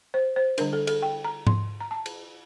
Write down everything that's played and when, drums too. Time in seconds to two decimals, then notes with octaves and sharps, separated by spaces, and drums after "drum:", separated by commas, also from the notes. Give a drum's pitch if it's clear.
0.14 C5
0.36 C5
0.58 D3 G3 D4 A#4, drum: cymbal
0.73 A4
0.87 A4, drum: cymbal
1.02 G5
1.25 A#5
1.47 C6, drum: tom G#2
1.81 A#5
1.91 A5
2.06 drum: cymbal